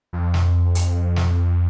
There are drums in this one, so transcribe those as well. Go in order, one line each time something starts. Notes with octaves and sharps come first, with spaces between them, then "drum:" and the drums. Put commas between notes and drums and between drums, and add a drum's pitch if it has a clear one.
F2
drum: snare
drum: hi-hat
drum: snare